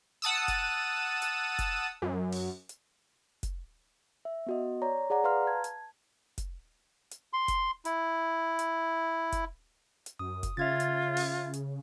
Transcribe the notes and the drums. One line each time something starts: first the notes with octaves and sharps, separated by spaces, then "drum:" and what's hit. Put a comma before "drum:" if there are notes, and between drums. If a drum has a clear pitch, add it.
F#5 A5 D#6 E6
drum: kick F1, hi-hat
drum: hi-hat
drum: kick F1, hi-hat
F#2
drum: open hi-hat
drum: hi-hat
drum: kick F1, hi-hat
E5
B3 F#4 D#5
C#5 D5 A#5
G#4 D5 F#5 A#5
B4 F5 A#5 C6 F6
A5 G#6
drum: hi-hat
drum: kick F1, hi-hat
drum: hi-hat
C6
drum: kick F1, hi-hat
E4, drum: hi-hat
drum: hi-hat
drum: kick F1, hi-hat
drum: hi-hat
F#2 D#6
drum: kick F1, hi-hat
C#3 F4 E5 G#6 A6
drum: hi-hat
drum: open hi-hat
drum: hi-hat